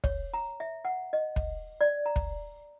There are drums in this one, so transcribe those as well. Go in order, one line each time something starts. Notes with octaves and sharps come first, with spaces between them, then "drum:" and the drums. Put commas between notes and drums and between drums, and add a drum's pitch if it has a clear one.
C#5, drum: kick
A#5
E5
F#5
D#5
drum: kick
D5
A#5
drum: kick